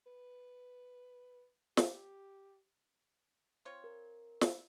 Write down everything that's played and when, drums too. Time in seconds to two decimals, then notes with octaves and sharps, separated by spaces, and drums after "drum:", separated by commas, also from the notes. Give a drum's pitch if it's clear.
0.06 B4
1.77 G4, drum: snare
3.65 C4 F4 C#5
3.84 A#4
4.41 E4, drum: snare